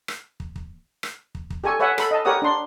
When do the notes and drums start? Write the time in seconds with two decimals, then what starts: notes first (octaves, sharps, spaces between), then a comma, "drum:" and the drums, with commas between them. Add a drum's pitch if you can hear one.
0.08 drum: rim click
0.40 drum: kick
0.56 drum: kick
1.03 drum: rim click
1.35 drum: kick
1.50 drum: kick
1.64 G4 A4 G#5 C#6
1.80 B4 C#5 E5 F#5 G#5
1.98 A4 B5, drum: rim click
2.11 D#5 A5
2.25 G4 A#4 C#5 F#5 D#6
2.42 D4 C6